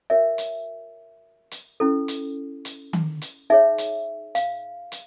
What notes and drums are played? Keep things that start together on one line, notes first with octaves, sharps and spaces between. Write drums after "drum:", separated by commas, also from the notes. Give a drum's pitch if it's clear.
F#4 A#4 C#5 E5
drum: hi-hat
drum: hi-hat
C#4 E4 A4
drum: hi-hat
drum: hi-hat
drum: tom D#3
drum: hi-hat
D#4 G#4 C#5 E5
drum: hi-hat
F5, drum: hi-hat
drum: hi-hat